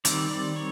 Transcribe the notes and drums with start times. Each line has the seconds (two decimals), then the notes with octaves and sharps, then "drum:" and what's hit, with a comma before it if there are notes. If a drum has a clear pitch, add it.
0.05 D#3 G3 C4 D5, drum: hi-hat
0.30 D5
0.56 C#5